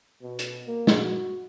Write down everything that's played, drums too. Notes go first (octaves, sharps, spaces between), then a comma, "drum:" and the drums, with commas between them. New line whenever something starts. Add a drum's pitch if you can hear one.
B2
drum: hi-hat
A#3
drum: snare
F#4